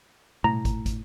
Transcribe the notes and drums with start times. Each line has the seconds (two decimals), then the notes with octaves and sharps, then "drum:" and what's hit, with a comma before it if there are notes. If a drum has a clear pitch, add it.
0.44 A2 A#5, drum: tom B2
0.65 drum: kick, hi-hat
0.86 drum: kick, hi-hat